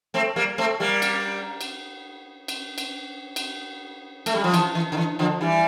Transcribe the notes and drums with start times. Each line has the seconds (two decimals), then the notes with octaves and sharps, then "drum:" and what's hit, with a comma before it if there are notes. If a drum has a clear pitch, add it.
0.14 A3 C4
0.36 G3 A#3
0.58 A3 C4
0.80 G3 A#3
1.02 drum: cymbal
1.61 drum: cymbal
2.48 drum: cymbal
2.78 drum: cymbal
3.36 drum: cymbal
4.26 A3, drum: cymbal
4.35 G3
4.44 F3
4.54 E3, drum: cymbal
4.75 E3
4.92 D3
4.97 E3
5.19 D3 F3
5.41 E3 G3